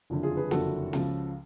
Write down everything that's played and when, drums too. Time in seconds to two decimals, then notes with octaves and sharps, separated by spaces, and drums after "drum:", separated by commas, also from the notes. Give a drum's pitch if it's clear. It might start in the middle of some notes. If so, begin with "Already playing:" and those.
0.10 F#1 F2 D3
0.23 F4 G#4
0.37 G#4 B4
0.51 F#1 F2 D3 F#4 A4, drum: snare
0.93 C#2 C#3 F3, drum: snare